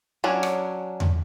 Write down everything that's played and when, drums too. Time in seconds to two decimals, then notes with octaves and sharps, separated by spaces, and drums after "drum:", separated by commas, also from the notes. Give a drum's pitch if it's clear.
0.24 F#3 C#4 D4
0.43 drum: rim click
1.00 drum: tom E2